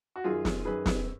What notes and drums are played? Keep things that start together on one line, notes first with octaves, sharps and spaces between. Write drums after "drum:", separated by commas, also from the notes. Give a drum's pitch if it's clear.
F#4
F#2 D#3 F4 G#4
drum: snare
F#2 D#3 G#4 B4
drum: snare